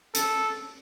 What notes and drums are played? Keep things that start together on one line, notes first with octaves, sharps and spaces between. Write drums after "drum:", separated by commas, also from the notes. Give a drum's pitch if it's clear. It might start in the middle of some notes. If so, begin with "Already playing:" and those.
A4, drum: hi-hat